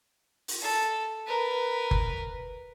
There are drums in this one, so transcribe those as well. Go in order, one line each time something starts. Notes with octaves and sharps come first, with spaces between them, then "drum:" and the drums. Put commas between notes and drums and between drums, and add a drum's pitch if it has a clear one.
drum: open hi-hat
A4
A#4 B4
drum: kick F#1